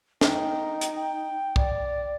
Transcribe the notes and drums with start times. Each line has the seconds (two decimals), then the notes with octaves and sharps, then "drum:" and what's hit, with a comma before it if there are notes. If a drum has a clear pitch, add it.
0.21 D#4 G5, drum: snare
0.81 drum: hi-hat
0.96 G5
1.56 D5, drum: kick